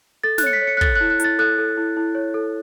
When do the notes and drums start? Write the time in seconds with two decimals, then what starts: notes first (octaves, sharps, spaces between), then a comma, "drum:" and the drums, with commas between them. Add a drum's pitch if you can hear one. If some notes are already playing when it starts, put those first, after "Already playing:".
0.23 A4 A6
0.38 F#6, drum: snare
0.43 C#5 C#7
0.53 B6
0.62 C#5
0.67 C#7
0.77 F#6
0.81 A4 A6, drum: kick
0.96 F#6
1.01 E4
1.10 F#6
1.20 E4 A6, drum: hi-hat
1.39 A4 F#6
1.58 A4
1.77 E4
1.97 E4
2.15 C#5
2.34 A4